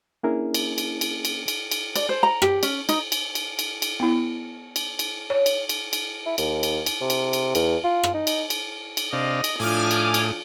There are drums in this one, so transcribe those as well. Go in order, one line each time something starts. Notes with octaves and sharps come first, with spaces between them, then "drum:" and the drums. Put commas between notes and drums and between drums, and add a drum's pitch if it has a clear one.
A#3 C#4 D4 E4 G#4 A#4
drum: cymbal
drum: cymbal
drum: cymbal
drum: cymbal
drum: cymbal
drum: cymbal
D5, drum: cymbal
C5
A#5
G4, drum: rim click
C#4, drum: cymbal
D#4, drum: cymbal
drum: cymbal
drum: cymbal
drum: cymbal
drum: cymbal
B3 E4
drum: cymbal
drum: cymbal
C#5
drum: cymbal
drum: cymbal
drum: cymbal
E4
D#2, drum: cymbal
drum: cymbal
drum: cymbal
C3
drum: cymbal
drum: cymbal
E2, drum: cymbal
F4
drum: rim click
D#4
drum: cymbal
drum: cymbal
drum: cymbal
C3 D4 D#5 F5
drum: cymbal
A2 F3 D4 G#5 D6 D#6 F6
drum: cymbal
drum: cymbal